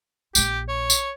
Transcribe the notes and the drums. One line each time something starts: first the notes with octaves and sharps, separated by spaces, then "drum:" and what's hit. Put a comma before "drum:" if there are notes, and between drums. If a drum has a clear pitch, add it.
A#1 A#2 G4, drum: tambourine
C#5
drum: tambourine